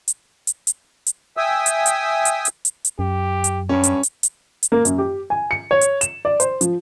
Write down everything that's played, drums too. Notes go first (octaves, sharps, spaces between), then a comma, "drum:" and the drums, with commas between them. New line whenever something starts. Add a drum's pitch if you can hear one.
drum: hi-hat
drum: hi-hat
drum: hi-hat
drum: hi-hat
E5 G5 G#5 D#6 E6
drum: hi-hat
drum: hi-hat
drum: hi-hat
drum: hi-hat
drum: hi-hat
drum: hi-hat
F#2 G4
drum: hi-hat
G2 C#4
drum: hi-hat
drum: hi-hat
drum: hi-hat
drum: hi-hat
A#3
F#2, drum: hi-hat
G4
G#5
C#7
C#5
drum: hi-hat
E7, drum: hi-hat
D5
C5, drum: hi-hat
F3, drum: hi-hat